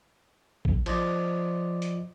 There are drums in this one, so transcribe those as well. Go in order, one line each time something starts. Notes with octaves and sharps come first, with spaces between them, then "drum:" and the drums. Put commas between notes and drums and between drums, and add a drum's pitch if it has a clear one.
drum: kick A1
F3 C5 D5 D#5, drum: cymbal
drum: hi-hat